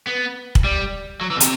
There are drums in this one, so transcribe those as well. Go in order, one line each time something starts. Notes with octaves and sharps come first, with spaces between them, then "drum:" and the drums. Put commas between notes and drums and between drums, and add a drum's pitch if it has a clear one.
B3
drum: kick
G3
F#3
E3
B2
C3, drum: hi-hat